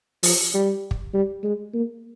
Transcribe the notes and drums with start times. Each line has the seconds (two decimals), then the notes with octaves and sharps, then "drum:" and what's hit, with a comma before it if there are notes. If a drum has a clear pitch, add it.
0.23 F3, drum: open hi-hat
0.54 G3
0.91 drum: kick
1.13 G3
1.44 G#3
1.74 A#3